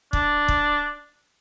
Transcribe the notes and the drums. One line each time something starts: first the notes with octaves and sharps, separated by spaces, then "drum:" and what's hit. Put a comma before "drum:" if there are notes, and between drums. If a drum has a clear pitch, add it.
D4, drum: kick
drum: kick